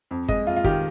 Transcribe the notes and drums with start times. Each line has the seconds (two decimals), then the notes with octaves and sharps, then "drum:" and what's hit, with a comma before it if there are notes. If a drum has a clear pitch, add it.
0.11 F2
0.29 G#3 D#5, drum: kick G1
0.46 F2 F4
0.56 F4
0.64 D#3 G4, drum: kick G1